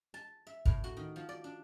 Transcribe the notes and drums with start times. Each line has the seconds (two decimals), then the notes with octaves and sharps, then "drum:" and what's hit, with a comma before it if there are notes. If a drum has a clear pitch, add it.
0.14 A5
0.47 E5
0.65 A2, drum: kick
0.84 F#4
0.97 D#3
1.16 F3
1.29 D5
1.44 D4